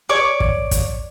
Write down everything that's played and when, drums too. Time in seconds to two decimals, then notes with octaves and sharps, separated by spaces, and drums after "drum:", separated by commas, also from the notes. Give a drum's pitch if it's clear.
0.09 C#5 D5 D6
0.40 drum: kick
0.71 drum: kick, hi-hat